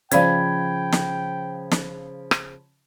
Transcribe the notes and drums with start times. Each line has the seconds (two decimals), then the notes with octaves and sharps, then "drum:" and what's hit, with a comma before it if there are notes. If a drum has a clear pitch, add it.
0.11 C#3 F3 C5 D5 F5 G5 B5 G#6, drum: hi-hat
0.92 drum: snare
1.71 drum: snare
2.31 drum: rim click